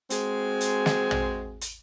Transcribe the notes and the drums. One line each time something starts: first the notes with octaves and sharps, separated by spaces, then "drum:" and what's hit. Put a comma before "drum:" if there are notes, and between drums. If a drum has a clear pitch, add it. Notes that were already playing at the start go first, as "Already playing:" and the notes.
G#3 C4 F#4 G#4, drum: hi-hat
drum: hi-hat
drum: snare
drum: tom
drum: hi-hat